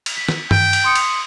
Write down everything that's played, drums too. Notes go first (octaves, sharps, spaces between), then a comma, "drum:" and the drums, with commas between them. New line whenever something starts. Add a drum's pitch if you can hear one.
drum: cymbal
B6
drum: snare
G5, drum: tom G2
drum: cymbal
C6 D#6 C#7
drum: cymbal